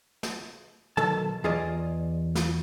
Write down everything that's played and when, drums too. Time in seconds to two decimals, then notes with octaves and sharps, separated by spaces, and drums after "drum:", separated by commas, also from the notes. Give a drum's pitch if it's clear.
0.23 drum: snare
0.97 B1 D#3 A4 A5, drum: tom
1.44 E2 F4 G#4 D5 D#5
2.35 drum: snare